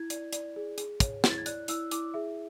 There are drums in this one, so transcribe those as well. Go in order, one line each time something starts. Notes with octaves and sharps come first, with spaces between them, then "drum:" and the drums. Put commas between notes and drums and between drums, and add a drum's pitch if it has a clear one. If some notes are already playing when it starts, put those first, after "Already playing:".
Already playing: E4 G#6
D5, drum: hi-hat
D5, drum: hi-hat
G#4
G#4, drum: hi-hat
C#5, drum: kick, hi-hat
E4, drum: snare
A6
G#6
D5 F#6, drum: hi-hat
E4 E6, drum: hi-hat
E4 D6, drum: hi-hat
G#4 E5